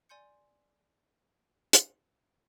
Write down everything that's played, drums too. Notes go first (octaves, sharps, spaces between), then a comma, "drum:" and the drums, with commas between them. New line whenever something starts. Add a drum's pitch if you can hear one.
D5 G#5 C6 G6 C#7
drum: hi-hat